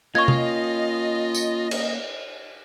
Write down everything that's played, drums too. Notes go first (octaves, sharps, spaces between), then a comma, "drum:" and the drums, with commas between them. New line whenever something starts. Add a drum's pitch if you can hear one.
A#3 C#4 F4 D#5 C#6 G#6
drum: tom C3
drum: tambourine
drum: cymbal